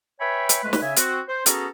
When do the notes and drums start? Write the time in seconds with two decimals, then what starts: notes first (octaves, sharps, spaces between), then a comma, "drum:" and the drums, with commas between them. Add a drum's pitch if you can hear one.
0.20 B4 C#5 E5 G5 G#5 B5
0.49 drum: hi-hat
0.63 F2 G#3 A3 B4
0.73 drum: snare
0.82 C#3 E5 G#5
0.96 C4 F#4, drum: hi-hat
1.28 C5
1.46 B3 C#4 F#4 G#4 A4 A#5, drum: hi-hat